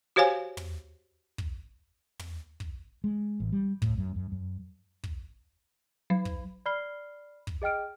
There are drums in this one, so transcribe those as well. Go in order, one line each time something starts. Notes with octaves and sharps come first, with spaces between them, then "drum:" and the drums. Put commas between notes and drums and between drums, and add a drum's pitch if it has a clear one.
F#4 G4 C5 C#5 F5 G#5
drum: tom
drum: kick
drum: tom
drum: kick
G#3
A1
G3
A2, drum: kick
F#2
F#2
F#2
drum: kick
F#3
drum: kick
D5 B5 F6 C7 G7
drum: kick
G#4 D#5 G5 F6 D7